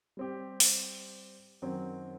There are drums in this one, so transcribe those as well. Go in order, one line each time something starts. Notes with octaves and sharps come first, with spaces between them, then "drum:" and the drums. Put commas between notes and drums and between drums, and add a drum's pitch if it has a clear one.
G3 C4 G4
drum: open hi-hat
F#2 D#3 F#3 C4